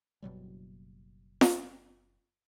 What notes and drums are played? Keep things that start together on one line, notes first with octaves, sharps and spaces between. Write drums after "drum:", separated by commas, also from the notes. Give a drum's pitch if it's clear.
F#1 B2 F#3 G3
drum: snare